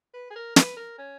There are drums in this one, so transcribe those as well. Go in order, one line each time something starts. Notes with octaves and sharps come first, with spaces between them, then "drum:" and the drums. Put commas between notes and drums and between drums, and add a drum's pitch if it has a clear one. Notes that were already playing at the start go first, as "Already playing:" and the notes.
B4
G#4
A#4
B4, drum: snare
A#4
C#4